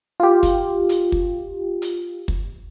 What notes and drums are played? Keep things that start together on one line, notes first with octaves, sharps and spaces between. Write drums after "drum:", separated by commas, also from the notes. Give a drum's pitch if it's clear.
F4 G4
drum: kick, hi-hat
drum: hi-hat
drum: kick
drum: hi-hat
drum: kick